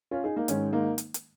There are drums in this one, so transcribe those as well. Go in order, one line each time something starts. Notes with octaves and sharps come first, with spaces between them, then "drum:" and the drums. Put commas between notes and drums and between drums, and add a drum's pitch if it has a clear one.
C#4 F4
D#4 G#4
A#3 D#4
G#2 D#3 G#3 C#4, drum: hi-hat
A#3 D#4
drum: hi-hat
drum: hi-hat